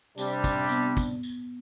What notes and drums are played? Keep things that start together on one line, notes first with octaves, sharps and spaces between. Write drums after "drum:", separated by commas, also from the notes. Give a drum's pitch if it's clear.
C3 G3 D4, drum: tambourine
drum: kick, tambourine
B3, drum: tambourine
drum: kick, tambourine
drum: tambourine